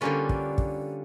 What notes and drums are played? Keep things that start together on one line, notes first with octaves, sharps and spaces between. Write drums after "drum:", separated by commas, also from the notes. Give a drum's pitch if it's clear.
D3 G3 A#3 C#4 F4 B4
drum: kick
drum: kick